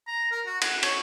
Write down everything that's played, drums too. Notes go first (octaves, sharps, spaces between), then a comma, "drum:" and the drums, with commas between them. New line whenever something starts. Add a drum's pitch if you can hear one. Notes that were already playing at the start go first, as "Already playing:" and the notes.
A#5
A#4
F#4
F#5, drum: cymbal
C#5, drum: cymbal